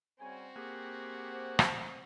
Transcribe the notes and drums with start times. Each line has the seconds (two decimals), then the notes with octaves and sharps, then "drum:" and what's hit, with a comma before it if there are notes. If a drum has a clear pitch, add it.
0.20 C#3 G3 C4 F#4 G#5
0.56 A#3 G4 G#4 F#5
1.32 C5
1.59 drum: rim click